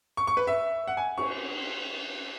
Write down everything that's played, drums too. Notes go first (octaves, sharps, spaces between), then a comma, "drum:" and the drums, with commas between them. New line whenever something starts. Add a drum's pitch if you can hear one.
C#6
C#6
B4
E5
F#5
G#5
C#6, drum: cymbal